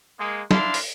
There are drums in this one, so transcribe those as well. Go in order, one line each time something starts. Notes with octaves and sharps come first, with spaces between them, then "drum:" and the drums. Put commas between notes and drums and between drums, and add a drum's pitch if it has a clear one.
G#3 A#3
D4 E4 F5 C6, drum: snare
drum: open hi-hat